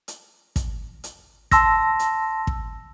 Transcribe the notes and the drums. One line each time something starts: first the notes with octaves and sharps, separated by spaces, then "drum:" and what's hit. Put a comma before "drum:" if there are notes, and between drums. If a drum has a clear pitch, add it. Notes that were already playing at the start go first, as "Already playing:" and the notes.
drum: hi-hat
drum: kick, hi-hat
drum: hi-hat
A5 C6 E6 A#6, drum: kick, hi-hat
drum: hi-hat
drum: kick